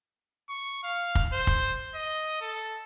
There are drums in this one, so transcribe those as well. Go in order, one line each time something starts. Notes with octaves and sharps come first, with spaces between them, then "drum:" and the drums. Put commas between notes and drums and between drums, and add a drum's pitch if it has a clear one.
C#6
F5
drum: kick
C5
drum: kick
D#5
A4